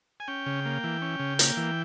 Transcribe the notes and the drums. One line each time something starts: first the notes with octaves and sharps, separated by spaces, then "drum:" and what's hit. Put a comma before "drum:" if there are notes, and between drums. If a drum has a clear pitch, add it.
G#5
C#4 G5
C#3
A#3
E3
C#4
C#3
A#3, drum: hi-hat
E3